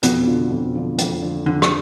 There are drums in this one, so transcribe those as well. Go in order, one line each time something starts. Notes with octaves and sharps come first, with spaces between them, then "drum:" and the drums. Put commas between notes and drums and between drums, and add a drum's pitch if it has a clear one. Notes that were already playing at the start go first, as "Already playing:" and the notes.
F2 B2, drum: hi-hat
D3 F3
F2
D3 F3
F2, drum: hi-hat
D3 F3
F2 D3
drum: rim click